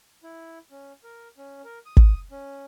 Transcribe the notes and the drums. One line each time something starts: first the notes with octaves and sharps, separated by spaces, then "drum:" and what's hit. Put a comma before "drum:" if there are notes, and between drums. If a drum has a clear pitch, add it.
E4
C#4
A#4
C#4
A#4
D#6
drum: kick
C#4